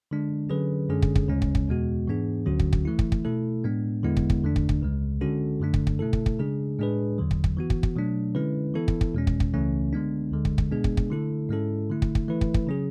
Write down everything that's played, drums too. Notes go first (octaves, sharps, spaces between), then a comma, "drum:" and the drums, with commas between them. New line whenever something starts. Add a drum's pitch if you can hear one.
D3 G#3 D4
D3 F#3 C#4 G#4 B4
F#2 D3 G#3 C#4 G#4
drum: kick
drum: kick
D2 C#3 G#3 C#4
drum: kick
drum: kick
E2 B2 G#3 B3 F#4
G#2 E3 B3 D4 G#4
D2 D3 F#3 C#4 F#4
drum: kick
drum: kick
E3 A3 E4
drum: kick
drum: kick
B2 A3 E4 A4
A2 G#3 B3 D4
E2 D3 G#3 B3 E4
drum: kick
drum: kick
E2 D3 A3 D4
drum: kick
drum: kick
C#2 C#3 G#3
D3 G#3 C#4 F#4 A4
F#2 D3 A3 D4
drum: kick
drum: kick
B2 A3 E4 A4
drum: kick
drum: kick
C#3 G#3 D4 G#4
A2 G#3 D4 G#4 B4
E2 D3 F#3
drum: kick
drum: kick
E3 B3 F#4
drum: kick
drum: kick
B2 F#3 A3 D4
D3 G#3 C#4 E4 B4
E3 B3 E4 A4
drum: kick
drum: kick
E2 B2 G#3 C#4
drum: kick
drum: kick
C#2 C#3 E3 A3 C#4
D3 G#3 B3 D4
D2 D3 G#3
drum: kick
drum: kick
B2 G#3 B3 D4 G#4
drum: kick
drum: kick
D3 A3 E4 A4
G#2 G#3 C#4 E4 A4
D3 A3 E4
drum: kick
drum: kick
E3 A3 E4 B4
drum: kick
drum: kick
C#3 F#3 C#4 G#4